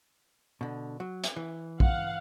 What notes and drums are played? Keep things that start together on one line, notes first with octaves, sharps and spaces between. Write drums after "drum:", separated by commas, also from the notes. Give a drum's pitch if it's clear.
B2 D3
F#3
drum: hi-hat
E3
F5 F#5, drum: kick A#1